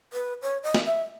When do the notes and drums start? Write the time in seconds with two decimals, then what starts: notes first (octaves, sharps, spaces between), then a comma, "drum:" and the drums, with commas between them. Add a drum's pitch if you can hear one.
0.13 B4
0.42 C#5
0.63 D#5
0.74 drum: snare
0.86 E5